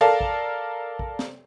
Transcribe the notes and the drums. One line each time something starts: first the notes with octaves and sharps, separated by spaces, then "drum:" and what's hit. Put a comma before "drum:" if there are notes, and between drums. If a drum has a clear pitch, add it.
A4 A#4 D5 F5 A5
drum: kick
drum: kick
drum: snare